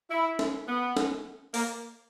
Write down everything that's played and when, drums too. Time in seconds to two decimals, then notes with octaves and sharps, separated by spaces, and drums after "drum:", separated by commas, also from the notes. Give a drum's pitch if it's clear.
0.10 E4
0.39 drum: snare
0.68 B3
0.97 drum: snare
1.54 A#3, drum: open hi-hat